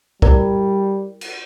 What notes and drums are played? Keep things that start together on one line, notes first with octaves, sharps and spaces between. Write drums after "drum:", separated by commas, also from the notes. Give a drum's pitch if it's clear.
G3 E4 A#4 D5, drum: kick
drum: cymbal